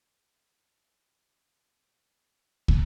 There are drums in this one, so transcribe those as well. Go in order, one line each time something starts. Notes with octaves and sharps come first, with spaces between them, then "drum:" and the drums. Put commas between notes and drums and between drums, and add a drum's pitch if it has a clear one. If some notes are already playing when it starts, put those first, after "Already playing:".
B1 D3 G5
G3 D4
drum: kick